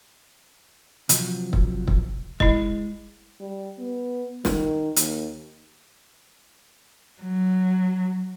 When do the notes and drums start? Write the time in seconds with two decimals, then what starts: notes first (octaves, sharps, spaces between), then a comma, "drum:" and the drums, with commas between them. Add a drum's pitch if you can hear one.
1.09 C3 F3 F#3, drum: hi-hat
1.53 drum: kick
1.87 drum: kick
2.40 G#3 E4 D#5, drum: kick
3.40 G3
3.79 B3
4.45 D#3, drum: snare
4.96 D#2, drum: hi-hat
7.23 F#3